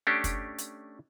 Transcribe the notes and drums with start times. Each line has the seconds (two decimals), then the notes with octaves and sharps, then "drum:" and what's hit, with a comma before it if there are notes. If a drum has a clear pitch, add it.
0.07 A3 C#4 D4 G4
0.24 drum: kick, hi-hat
0.58 drum: hi-hat